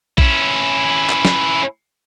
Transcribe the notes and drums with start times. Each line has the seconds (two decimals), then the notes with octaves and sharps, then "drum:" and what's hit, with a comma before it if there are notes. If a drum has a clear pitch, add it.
0.18 C#4 E4, drum: kick A#1
1.10 drum: clap
1.25 drum: snare